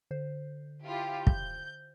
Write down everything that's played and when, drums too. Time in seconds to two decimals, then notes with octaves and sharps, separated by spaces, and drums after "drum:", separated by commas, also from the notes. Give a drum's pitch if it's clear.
0.11 D3 C5
0.84 E4 F4 G4
1.27 G6, drum: kick